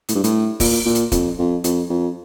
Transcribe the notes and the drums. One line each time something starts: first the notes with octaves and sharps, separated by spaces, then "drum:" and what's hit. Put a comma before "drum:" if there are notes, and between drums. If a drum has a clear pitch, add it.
A2, drum: hi-hat
G2
A2, drum: hi-hat
A#2, drum: kick, open hi-hat
A#2
drum: hi-hat
F2, drum: kick, hi-hat
F2
F2, drum: hi-hat
F2